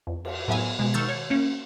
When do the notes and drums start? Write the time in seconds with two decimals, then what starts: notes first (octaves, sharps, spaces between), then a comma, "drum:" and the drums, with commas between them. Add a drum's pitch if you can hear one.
0.07 F2
0.25 drum: cymbal
0.48 A2 F#3 B3 E5 G#5
0.79 B2 G#3
0.94 D#3 C#6 E6 F6 G6 A6
1.09 C#5
1.30 A#3 C#4